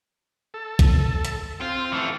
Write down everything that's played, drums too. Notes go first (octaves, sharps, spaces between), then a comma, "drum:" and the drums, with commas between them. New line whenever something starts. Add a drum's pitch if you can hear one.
A4
drum: kick, hi-hat
drum: hi-hat
C4 F4
E3 A3